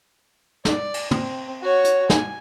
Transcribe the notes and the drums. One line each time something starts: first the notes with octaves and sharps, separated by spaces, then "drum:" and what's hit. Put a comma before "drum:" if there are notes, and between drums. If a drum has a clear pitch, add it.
D5, drum: snare
drum: cymbal
C4, drum: tom
F#4 C#5
drum: hi-hat
G#5, drum: snare